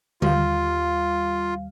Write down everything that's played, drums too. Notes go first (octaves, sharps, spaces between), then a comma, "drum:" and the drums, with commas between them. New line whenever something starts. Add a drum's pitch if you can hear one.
D#2 G3 F4 F5, drum: tom D3